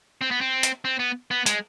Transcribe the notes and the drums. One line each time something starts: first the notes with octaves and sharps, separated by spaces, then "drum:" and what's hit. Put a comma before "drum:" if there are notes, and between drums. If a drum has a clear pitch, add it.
C4
B3
C4
drum: hi-hat
C4
B3
B3
G#3, drum: hi-hat